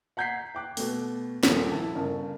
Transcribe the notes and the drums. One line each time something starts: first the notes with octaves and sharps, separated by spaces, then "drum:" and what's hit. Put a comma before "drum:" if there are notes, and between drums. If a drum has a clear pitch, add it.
F#5 A#5 G6 G#6 B6 C7
G5 D6 F#6
B2 A3, drum: open hi-hat
D#1 A#2 D3 F3 E6, drum: snare
E4 A5
G1 C#3 A#4 A5